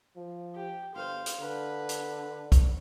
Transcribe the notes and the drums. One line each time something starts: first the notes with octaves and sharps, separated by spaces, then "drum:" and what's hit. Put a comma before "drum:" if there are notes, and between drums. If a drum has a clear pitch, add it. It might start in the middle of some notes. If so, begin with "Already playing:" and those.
F3
G4
G1 C5 F5
drum: hi-hat
D3 B4
drum: hi-hat
drum: kick, hi-hat